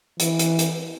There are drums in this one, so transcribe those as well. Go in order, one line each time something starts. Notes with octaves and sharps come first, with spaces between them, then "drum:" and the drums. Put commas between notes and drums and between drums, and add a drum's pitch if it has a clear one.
E3, drum: hi-hat
drum: hi-hat
drum: hi-hat